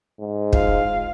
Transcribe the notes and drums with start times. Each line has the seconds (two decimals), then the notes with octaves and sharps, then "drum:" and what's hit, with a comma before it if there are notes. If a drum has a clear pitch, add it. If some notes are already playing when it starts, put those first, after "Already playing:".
0.20 G#2
0.53 F4 F5, drum: kick